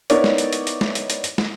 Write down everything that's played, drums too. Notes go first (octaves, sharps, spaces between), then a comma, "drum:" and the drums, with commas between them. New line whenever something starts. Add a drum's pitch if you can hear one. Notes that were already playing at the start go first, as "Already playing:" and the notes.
B3 D#4 E4 A#4 C#5 D5, drum: hi-hat
drum: snare
drum: hi-hat
drum: hi-hat
drum: hi-hat
drum: snare
drum: hi-hat
drum: hi-hat
drum: hi-hat
drum: snare